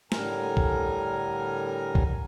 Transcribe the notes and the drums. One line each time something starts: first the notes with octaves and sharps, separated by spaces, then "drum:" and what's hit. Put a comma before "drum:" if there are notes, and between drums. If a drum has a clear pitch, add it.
A2 D3 G3 A#4 G#5 A#5, drum: snare
drum: kick B1
drum: kick B1